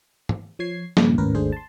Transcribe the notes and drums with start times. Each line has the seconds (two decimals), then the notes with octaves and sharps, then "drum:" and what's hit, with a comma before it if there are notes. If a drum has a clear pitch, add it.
0.29 drum: tom G#2
0.59 F3 C#5 G#6 C7
0.97 G2 A#2 C#3 F3, drum: snare
1.18 G#1 D#2 A2 C#4 A#4 B4
1.35 G#1 D#2 A3 D4 G#4 C5
1.52 A5 C6